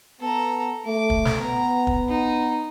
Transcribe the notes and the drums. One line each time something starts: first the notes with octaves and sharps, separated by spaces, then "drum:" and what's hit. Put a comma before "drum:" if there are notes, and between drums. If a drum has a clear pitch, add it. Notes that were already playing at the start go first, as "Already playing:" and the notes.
B3 A4 A#5
A3 D6
drum: kick
drum: snare
B3 A#5
drum: kick
D#4